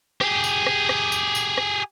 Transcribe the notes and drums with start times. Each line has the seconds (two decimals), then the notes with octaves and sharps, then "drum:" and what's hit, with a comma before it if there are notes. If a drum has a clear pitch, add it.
0.21 G4 G#4, drum: rim click
0.44 drum: tambourine
0.67 drum: rim click
0.89 drum: rim click
1.12 drum: tambourine
1.35 drum: tambourine
1.58 drum: rim click